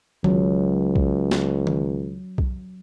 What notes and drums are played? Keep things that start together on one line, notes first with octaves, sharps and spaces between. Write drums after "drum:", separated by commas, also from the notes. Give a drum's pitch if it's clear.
C#2 F#3, drum: tom D#3
drum: kick B1
drum: snare
drum: tom D#3
drum: kick B1